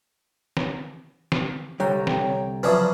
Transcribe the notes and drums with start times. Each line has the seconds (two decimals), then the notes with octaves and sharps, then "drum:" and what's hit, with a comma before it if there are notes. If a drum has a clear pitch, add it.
0.57 drum: snare
1.32 drum: snare
1.80 C2 D3 G3 C#5 G5 A#5
2.07 drum: snare
2.63 C#3 F3 F#3 B4 D5 E5